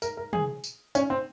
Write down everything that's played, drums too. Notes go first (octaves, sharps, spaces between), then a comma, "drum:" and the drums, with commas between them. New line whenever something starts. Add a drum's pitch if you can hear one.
A#4, drum: tambourine
A#4
G#4, drum: tom
drum: tambourine
C#4, drum: tambourine
C4